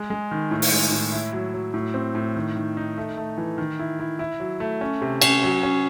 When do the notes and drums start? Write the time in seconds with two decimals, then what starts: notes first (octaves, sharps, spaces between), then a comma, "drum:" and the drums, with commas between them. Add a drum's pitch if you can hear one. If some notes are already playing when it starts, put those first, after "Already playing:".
Already playing: G#3
0.10 G#3
0.31 D#3
0.51 A2
0.62 drum: open hi-hat
0.72 G#3
0.92 A2
1.12 E4
1.33 F#3
1.54 F#3
1.74 A2
1.94 C4
2.15 A2
2.36 D#3
2.56 D#3
2.77 D#4
2.98 A3
3.17 A3
3.38 E3
3.58 D#3
3.79 E4
4.00 E4
4.19 E4
4.40 F#3
4.60 A3
4.81 C#4
5.02 C3
5.22 C#4, drum: cymbal
5.43 F#3
5.63 C#4